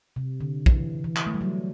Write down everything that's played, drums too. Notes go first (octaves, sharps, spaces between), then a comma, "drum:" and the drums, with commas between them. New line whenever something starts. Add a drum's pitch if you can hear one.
C3
D3
E3, drum: kick
E3
drum: clap
A3
G3
F#3